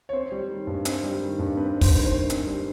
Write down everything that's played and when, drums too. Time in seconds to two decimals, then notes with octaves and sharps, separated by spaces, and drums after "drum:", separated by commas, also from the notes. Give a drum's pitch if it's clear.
0.09 C#5
0.13 C4 C5
0.32 G3
0.50 D#3
0.67 G2
0.85 C4, drum: hi-hat
1.04 G3
1.21 D#3
1.39 G2
1.57 C4 B4
1.76 G3
1.81 C5, drum: kick, open hi-hat
1.93 D#3
2.06 C5
2.11 G2
2.30 C4, drum: hi-hat
2.47 G3